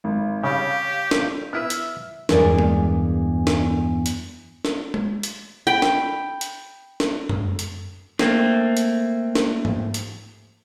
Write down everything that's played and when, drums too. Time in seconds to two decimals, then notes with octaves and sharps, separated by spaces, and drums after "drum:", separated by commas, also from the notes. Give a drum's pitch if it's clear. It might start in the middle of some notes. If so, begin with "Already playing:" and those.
0.04 G#1
0.44 C#3 G3 G4 C#5 F5
1.11 drum: snare
1.53 B3 E4 B4 E5 F6
1.70 drum: hi-hat
2.29 E2 G2 G#3 G#4 A#4 D5, drum: snare
2.59 drum: tom G#3
3.47 drum: snare
4.06 drum: hi-hat
4.65 drum: snare
4.94 drum: tom G#3
5.23 drum: hi-hat
5.67 G5 B5
5.82 drum: snare
6.41 drum: hi-hat
7.00 drum: snare
7.29 drum: tom F#2
7.59 drum: hi-hat
8.19 A3 A#3 C4, drum: snare
8.77 drum: hi-hat
9.35 drum: snare
9.65 drum: tom G#2
9.94 drum: hi-hat